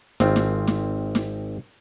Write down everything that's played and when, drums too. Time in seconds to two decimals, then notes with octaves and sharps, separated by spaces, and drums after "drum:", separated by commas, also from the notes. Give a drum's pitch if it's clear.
0.20 G#1 C4 F4, drum: snare
0.36 drum: snare
0.68 drum: snare
1.15 drum: snare